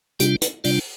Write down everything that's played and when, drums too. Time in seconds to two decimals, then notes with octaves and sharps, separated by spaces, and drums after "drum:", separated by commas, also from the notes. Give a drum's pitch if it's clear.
0.20 C3 G3 D4 F4 G4, drum: hi-hat
0.42 B4, drum: hi-hat
0.64 C3 G3 D4 F4 D5, drum: open hi-hat